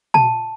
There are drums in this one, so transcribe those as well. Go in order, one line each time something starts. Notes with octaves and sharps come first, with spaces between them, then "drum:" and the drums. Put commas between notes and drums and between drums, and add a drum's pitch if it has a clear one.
A5, drum: tom A#2